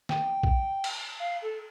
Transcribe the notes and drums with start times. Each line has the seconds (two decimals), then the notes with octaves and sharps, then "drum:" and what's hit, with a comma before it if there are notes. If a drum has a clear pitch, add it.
0.09 G5, drum: snare
0.43 drum: kick
0.84 drum: cymbal
1.19 F5
1.42 A4